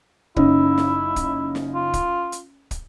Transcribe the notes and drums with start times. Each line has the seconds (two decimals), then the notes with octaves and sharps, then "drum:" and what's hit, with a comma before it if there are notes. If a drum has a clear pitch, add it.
0.36 F#1 C#4 D#4 E4, drum: kick
0.78 drum: snare
1.16 drum: kick, hi-hat
1.55 drum: snare
1.74 F4
1.94 drum: kick, hi-hat
2.32 drum: hi-hat
2.71 drum: kick, hi-hat